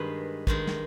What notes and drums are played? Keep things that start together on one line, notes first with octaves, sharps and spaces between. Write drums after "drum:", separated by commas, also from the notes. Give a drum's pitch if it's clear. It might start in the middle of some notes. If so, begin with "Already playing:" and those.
Already playing: G2 D#3 G#3 B4
G2 D#3 G#3, drum: kick
drum: snare